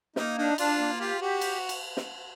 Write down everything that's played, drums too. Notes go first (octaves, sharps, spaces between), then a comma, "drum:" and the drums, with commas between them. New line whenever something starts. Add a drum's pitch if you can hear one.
A#3 D#4, drum: snare
D4 D#4
D4 F4, drum: cymbal
A#3
F4 G4
F#4 G4
drum: cymbal
drum: cymbal
drum: snare